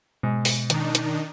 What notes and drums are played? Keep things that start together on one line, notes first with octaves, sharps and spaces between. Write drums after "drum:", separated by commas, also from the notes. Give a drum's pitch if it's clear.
G#2 B2
drum: open hi-hat
D#3 D4 D#4, drum: hi-hat
drum: hi-hat